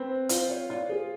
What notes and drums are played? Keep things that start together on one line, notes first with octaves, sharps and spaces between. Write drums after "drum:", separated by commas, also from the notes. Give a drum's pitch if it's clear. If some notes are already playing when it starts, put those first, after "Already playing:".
Already playing: C4 B4 C5
F4 C5, drum: hi-hat
C#5
F4 D5
G#4